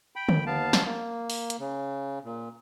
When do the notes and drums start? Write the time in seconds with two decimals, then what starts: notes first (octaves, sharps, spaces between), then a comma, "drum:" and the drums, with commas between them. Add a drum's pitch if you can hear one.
0.16 G5 B5
0.29 drum: tom D3
0.46 D#2 B3 F5 A5
0.73 drum: snare
0.86 A#3
1.30 drum: open hi-hat
1.50 drum: hi-hat
1.60 C#3
2.25 A#2